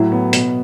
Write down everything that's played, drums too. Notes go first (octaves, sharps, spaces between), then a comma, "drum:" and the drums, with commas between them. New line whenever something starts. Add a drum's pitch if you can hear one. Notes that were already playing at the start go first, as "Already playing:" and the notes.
Already playing: A2 F#3 E4
B3
B2, drum: hi-hat